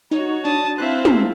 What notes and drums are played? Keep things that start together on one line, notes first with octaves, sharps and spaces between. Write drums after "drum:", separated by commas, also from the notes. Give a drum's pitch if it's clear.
D#4 F#4 C#5
D4 A5 D#6
C4 E4 C5 E5 F5 F#6
drum: tom